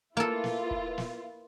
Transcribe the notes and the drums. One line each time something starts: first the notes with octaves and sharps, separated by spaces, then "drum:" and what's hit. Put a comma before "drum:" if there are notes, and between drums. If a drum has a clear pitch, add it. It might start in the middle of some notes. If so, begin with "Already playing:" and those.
A#3 E4 F4 A4 B4
drum: snare
drum: kick
drum: snare